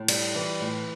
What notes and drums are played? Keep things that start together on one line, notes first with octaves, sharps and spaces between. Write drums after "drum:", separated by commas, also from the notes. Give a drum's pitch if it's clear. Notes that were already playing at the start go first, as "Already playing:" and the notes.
Already playing: A2
G3, drum: cymbal
E3
A2